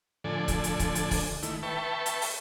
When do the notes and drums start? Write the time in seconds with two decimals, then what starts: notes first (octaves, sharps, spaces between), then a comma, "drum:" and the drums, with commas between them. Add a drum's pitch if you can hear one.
0.24 A2 D3 F3 A4 D5 G#5
0.48 drum: kick C#1, hi-hat
0.64 drum: hi-hat
0.79 drum: kick C#1, hi-hat
0.95 drum: hi-hat
1.11 drum: kick C#1, open hi-hat
1.43 D#3 A3 E4, drum: hi-hat
1.63 B4 E5 G5 A5 C#6
2.06 drum: hi-hat
2.22 drum: open hi-hat